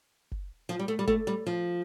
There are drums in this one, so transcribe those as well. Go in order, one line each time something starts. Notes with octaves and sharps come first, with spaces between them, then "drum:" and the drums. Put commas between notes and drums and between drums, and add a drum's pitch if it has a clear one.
drum: kick F#1
F3
G3
A3
G3
A3, drum: kick F#1
G3
F3